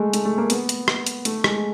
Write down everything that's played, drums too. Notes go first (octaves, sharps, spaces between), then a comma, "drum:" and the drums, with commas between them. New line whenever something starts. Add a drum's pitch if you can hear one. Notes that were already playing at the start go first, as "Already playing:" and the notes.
Already playing: G#3 A3
A3, drum: hi-hat
A3
A#3
B3, drum: hi-hat
drum: hi-hat
drum: rim click
drum: hi-hat
A3, drum: hi-hat
G#3, drum: rim click